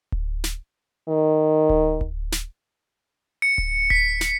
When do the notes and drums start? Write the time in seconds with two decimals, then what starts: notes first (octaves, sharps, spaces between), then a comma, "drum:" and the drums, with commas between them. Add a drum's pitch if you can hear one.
0.12 drum: kick D1
0.44 drum: snare
1.09 D#3
1.69 drum: kick D1
2.01 drum: kick D1
2.32 drum: snare
3.42 C#7
3.58 drum: kick D1
3.90 B6, drum: kick D1
4.21 drum: snare